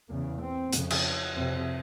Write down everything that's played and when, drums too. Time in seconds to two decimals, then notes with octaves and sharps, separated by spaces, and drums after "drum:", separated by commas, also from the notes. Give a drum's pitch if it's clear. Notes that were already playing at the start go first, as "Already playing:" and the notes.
0.09 E2 C#3 A#3
0.41 C4
0.73 F2 C#3, drum: hi-hat
0.90 drum: cymbal
1.36 F2 C3 C4